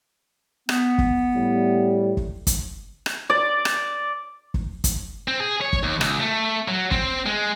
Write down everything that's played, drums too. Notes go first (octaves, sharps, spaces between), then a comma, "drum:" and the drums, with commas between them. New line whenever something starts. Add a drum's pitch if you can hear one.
B3, drum: rim click
drum: kick
A2 G3
drum: kick
drum: kick, hi-hat
drum: rim click
D5
drum: rim click
drum: kick
drum: kick, hi-hat
C4
G#4
C#5
drum: kick
D#2
C#2, drum: rim click
A3
F#3
C4, drum: kick
G#3